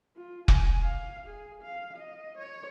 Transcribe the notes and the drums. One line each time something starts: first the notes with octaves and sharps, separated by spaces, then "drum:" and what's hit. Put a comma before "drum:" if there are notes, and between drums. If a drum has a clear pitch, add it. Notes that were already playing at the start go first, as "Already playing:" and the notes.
F4
G#5, drum: kick
F5
G#4
F5
D#5
C#5